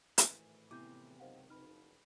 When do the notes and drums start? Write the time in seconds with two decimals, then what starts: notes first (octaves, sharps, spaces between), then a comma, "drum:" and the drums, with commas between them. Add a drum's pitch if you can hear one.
0.18 G#1 A2 E3, drum: hi-hat
0.71 C3 B3 E4 G4 D6 G6
1.20 C#2 F#2 D#3 C5 F5 F#5
1.50 F#1 F2 D#4 B4 B5 F6